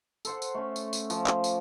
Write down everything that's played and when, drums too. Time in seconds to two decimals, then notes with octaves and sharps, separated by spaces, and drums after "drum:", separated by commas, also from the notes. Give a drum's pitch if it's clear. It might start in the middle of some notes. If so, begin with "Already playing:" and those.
0.25 A4 C5 F#5, drum: tambourine
0.42 drum: tambourine
0.55 A3 C#4
0.76 drum: tambourine
0.93 drum: tambourine
1.10 F3, drum: tambourine
1.27 drum: clap
1.44 drum: tambourine